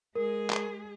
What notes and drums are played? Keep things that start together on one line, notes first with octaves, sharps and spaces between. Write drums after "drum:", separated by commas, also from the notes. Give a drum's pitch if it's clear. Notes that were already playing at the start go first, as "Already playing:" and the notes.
G#3 G#4 A#4
drum: clap